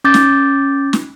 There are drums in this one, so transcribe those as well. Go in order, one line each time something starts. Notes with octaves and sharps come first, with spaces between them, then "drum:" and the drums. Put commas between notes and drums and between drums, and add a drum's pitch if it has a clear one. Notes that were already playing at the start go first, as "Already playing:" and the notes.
C#4 D6 G6 A6
drum: snare
drum: snare